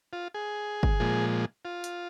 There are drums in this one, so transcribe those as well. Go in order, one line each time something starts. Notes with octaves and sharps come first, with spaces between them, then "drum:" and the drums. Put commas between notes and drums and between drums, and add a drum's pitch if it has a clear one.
F4
G#4
drum: kick G1
A#2 F3 G#3
F4
drum: hi-hat